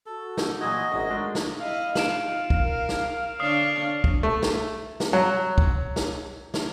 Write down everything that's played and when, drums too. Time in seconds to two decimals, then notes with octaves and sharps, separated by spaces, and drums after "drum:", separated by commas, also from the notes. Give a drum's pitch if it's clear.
0.06 F#4 A4
0.37 D#4, drum: snare
0.61 A#2 E3 F#3 F#4 D#5 G#5 D#6 G#6
0.92 G#1 F#2 A#4 D#6
1.11 G#3 A3 D4
1.35 drum: snare
1.60 E4 D#5 F5
1.95 D#4 F4 D7 E7 F#7, drum: snare
2.50 drum: kick
2.62 A#4
2.89 drum: snare
3.40 D3 D4 C#5 D#6 F6 C7
4.04 drum: kick
4.23 A3
4.42 drum: snare
5.00 drum: snare
5.13 F#3
5.58 drum: kick
5.96 drum: snare
6.54 drum: snare